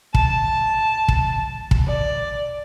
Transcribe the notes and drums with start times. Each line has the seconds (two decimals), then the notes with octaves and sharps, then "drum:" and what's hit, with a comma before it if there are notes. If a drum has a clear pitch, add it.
0.14 A5, drum: kick
1.08 drum: kick
1.71 drum: kick
1.88 D5